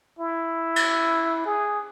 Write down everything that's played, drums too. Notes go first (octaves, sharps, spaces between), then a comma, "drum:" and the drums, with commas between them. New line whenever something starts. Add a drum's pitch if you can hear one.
E4
drum: cymbal
G#4